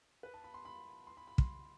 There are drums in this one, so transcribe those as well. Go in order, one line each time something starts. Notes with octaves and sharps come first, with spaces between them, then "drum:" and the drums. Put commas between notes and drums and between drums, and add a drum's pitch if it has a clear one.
B4
A5
B5
C6
B5
C6
B5
B5
C6, drum: kick